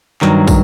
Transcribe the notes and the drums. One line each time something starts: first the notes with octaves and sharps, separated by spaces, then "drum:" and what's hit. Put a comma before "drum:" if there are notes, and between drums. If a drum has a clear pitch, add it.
G2 D#3 F#3, drum: clap
drum: kick, tambourine